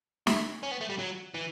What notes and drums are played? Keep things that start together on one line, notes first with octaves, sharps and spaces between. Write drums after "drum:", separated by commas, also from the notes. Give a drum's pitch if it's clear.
E4, drum: snare
C#4
B3
A3
G3
F#3
E3